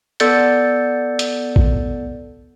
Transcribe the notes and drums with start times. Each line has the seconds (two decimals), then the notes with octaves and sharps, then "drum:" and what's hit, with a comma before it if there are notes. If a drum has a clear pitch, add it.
0.20 B3 A4 D5 G6 A6 C#7, drum: hi-hat
1.19 drum: hi-hat
1.56 drum: kick